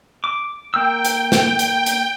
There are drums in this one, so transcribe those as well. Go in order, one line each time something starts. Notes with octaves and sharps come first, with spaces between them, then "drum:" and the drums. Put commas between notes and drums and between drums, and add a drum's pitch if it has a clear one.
D6
A#3 G5 E6
drum: hi-hat
G5, drum: snare
drum: hi-hat
drum: hi-hat